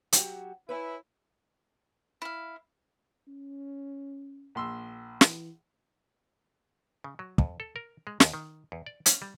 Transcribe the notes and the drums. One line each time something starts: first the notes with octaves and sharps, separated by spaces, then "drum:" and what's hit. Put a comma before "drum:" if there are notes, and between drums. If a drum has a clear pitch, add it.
F#3 F#4 G4, drum: hi-hat
E4 B4 C#5 G#5
E4 F5
C#4
A#1 C6 E6
E3, drum: snare
C#3
F#3
F2, drum: kick
A4
A#4
G#3
D#2, drum: snare
D#3
E2
D5
C#4, drum: hi-hat
G3